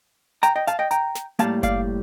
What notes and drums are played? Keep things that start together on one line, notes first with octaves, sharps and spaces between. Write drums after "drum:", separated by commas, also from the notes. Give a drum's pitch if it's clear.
G5 A#5, drum: hi-hat
D#5 G5
F5 A5, drum: hi-hat
D#5 G5
G5 A#5, drum: hi-hat
drum: snare
A2 G3 A#3 F5 A5, drum: hi-hat
D5 F5, drum: kick F#1, hi-hat